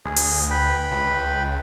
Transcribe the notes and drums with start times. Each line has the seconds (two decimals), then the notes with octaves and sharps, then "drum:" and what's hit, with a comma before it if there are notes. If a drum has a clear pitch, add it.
0.05 D2 G#4
0.16 drum: open hi-hat
0.51 B4 G5 B5
0.91 C#2